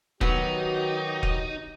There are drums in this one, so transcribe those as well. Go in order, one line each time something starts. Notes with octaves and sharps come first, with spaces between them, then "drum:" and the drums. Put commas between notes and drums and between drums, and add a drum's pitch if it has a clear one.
D#3 F#3 B3 D#4 F#4 G4, drum: kick E1
drum: kick E1